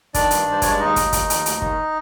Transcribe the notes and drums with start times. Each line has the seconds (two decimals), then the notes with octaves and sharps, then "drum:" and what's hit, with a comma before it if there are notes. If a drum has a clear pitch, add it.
0.14 D#3 D4 D5, drum: kick, hi-hat
0.31 G2, drum: hi-hat
0.47 G2 C5
0.62 G#3 C#5, drum: kick, hi-hat
0.70 D5
0.80 D#2 D#4 D#5
0.96 D#2, drum: kick, hi-hat
1.13 D#3, drum: kick, hi-hat
1.30 D#2, drum: hi-hat
1.46 D2, drum: hi-hat
1.62 D#3, drum: kick